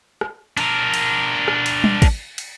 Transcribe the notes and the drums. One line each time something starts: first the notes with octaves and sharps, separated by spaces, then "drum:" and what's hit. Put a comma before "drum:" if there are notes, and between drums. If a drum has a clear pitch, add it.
drum: rim click
D4 A#4, drum: cymbal
drum: cymbal
drum: rim click
drum: cymbal
drum: tom G3
drum: kick, cymbal
drum: cymbal